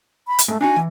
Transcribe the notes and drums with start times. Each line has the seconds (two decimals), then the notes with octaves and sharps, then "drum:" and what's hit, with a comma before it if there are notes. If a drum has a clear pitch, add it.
0.27 B5
0.39 drum: hi-hat
0.48 G#2 A3
0.61 D4 D#4 F#4 G#5
0.76 E3